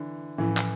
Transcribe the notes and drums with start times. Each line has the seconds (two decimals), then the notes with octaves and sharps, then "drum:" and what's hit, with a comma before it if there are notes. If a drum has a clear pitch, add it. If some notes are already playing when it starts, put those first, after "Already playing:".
Already playing: D3 E3
0.38 A2 E3 F3 C#4 E4
0.57 drum: clap